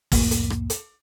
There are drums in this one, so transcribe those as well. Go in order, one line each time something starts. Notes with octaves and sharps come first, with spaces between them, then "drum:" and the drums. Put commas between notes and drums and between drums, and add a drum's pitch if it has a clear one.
C2 F2 A2 A#3, drum: kick, open hi-hat
drum: hi-hat
drum: rim click
drum: hi-hat